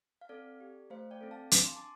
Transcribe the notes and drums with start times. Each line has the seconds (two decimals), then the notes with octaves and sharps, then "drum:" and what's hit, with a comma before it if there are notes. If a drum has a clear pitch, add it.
0.21 F5
0.29 C4 A4 D5
0.60 G4
0.90 A3 C5 F5
1.11 D5 G5
1.21 C4 A4
1.31 F5 A5
1.51 D4 D6, drum: hi-hat
1.64 C6
1.76 A5 D6